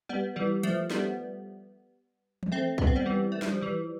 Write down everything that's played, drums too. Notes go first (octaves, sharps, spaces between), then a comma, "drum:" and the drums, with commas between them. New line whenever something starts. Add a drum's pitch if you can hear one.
G3 B3
E3 G3
F3 A3, drum: hi-hat
G3 B3, drum: snare
drum: tom E3
A3 C4
B3, drum: kick C2
C4
G3 B3
E3 G3
A3
G3, drum: snare
F3
E3 G3